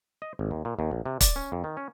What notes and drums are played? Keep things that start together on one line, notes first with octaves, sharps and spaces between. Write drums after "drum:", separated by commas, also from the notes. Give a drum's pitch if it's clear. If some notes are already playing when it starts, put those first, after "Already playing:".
D#5
G#1
D#2
A#2
D#2
A#1
C3
D5, drum: kick, hi-hat
C#4
F2
D#3
C#4